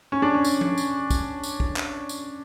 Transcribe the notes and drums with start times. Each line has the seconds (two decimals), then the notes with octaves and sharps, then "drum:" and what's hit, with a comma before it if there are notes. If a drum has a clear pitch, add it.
0.12 C#4
0.22 D4
0.34 C#4
0.45 drum: tambourine
0.61 drum: tom F3
0.78 drum: tambourine
1.10 drum: kick, tambourine
1.43 drum: tambourine
1.60 drum: kick
1.76 drum: clap
2.09 drum: tambourine